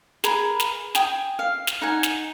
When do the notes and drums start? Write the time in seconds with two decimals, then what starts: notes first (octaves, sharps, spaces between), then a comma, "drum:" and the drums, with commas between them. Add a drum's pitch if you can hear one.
0.24 G#4 A#4 B4, drum: snare
0.60 drum: snare
0.95 G5 G#5 D#6, drum: snare
1.39 F5
1.67 drum: snare
1.81 D#4 F#5 G#5
2.03 drum: snare